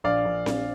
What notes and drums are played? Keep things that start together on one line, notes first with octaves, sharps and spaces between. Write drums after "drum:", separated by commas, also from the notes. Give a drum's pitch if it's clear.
A#1 D5 F5
A#1
A#1, drum: snare C4